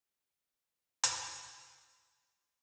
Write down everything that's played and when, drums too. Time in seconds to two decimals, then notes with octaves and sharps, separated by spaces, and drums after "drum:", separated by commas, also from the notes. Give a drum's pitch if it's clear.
0.07 C3
0.68 B4
1.04 drum: hi-hat
1.16 C#5
1.83 A#6